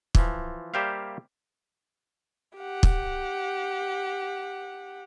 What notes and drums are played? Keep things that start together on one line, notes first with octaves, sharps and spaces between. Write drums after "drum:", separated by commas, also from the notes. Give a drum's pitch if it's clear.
E3 F3, drum: kick
G3 A#3 G4 C5 E5 F5
G4 F#5
drum: kick